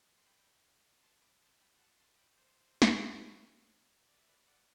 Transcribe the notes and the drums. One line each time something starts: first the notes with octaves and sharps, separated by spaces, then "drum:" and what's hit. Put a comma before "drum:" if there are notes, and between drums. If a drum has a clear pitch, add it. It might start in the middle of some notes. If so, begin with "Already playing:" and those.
C6
G5 B5
A5 C6
B5 D6
A5 C6
G5 B5
F#5 A5
A5 C6
G5 B5
C5
drum: snare
D5
E5
B4 D5
D5 F#5